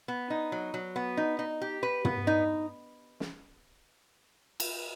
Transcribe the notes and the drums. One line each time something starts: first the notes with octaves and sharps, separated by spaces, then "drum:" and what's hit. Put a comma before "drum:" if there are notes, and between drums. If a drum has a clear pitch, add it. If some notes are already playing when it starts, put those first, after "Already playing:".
B3
D#4
F#3
F#3
B3
D#4
D#4
G4
B4
B3, drum: tom
D#4
drum: snare
drum: cymbal